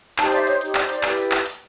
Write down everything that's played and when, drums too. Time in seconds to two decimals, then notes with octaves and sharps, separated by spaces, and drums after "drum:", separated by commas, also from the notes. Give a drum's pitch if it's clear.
0.18 D#4 G4 C5 G5 A5, drum: clap
0.32 D5 E5, drum: hi-hat
0.47 C#5 D#5, drum: hi-hat
0.61 D#4 G4 C5, drum: hi-hat
0.75 D5, drum: clap
0.89 D5, drum: hi-hat
1.03 E4 G4 B4, drum: clap
1.17 drum: hi-hat
1.31 drum: clap
1.46 drum: hi-hat